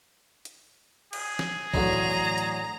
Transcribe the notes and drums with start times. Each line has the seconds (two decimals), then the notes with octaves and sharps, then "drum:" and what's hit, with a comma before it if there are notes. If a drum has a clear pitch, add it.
0.45 drum: hi-hat
1.13 G#4, drum: cymbal
1.39 drum: snare
1.74 A1 D3 F#3 A#5, drum: kick B1
1.93 drum: tom A2
2.38 drum: hi-hat